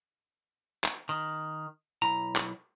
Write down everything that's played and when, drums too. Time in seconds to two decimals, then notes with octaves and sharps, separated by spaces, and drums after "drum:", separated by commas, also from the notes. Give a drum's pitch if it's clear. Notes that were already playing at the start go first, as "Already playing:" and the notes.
0.84 drum: clap
1.09 D#3
2.02 B1 E4 A#5
2.36 drum: clap